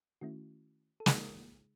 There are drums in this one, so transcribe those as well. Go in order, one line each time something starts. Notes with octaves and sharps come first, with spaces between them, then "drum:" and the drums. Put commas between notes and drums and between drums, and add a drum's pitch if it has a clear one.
D#3 A3 C#4 E4 F#4
A4
C#3 G#3 D#4 G#4, drum: snare